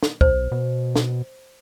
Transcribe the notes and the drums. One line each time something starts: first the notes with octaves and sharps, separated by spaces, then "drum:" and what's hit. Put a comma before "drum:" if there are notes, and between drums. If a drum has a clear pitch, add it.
drum: snare
B1 C5, drum: kick
B2
drum: snare